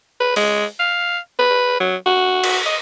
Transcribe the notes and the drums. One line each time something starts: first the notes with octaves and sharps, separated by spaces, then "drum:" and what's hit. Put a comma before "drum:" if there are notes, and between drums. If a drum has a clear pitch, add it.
B4
G#3, drum: open hi-hat
F5
B4
F#3
F#4
drum: cymbal
D#5